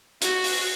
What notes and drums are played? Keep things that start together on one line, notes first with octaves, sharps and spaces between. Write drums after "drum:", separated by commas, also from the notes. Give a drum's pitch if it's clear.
F#4, drum: hi-hat
drum: open hi-hat